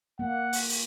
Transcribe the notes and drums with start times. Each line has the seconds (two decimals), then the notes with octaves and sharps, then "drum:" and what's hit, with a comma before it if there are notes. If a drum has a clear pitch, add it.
0.19 A#3 F#5
0.53 drum: open hi-hat
0.69 drum: open hi-hat